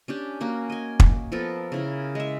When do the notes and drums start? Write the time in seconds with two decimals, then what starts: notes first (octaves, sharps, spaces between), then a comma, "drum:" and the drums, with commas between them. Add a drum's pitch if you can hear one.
0.08 C#4 D4 G4
0.40 A#3 C#4 F#4
0.70 D#5 G#5
1.00 drum: kick
1.32 F3 B3 A4 A#4
1.72 C#3 E4 A#4
2.15 G#3 E5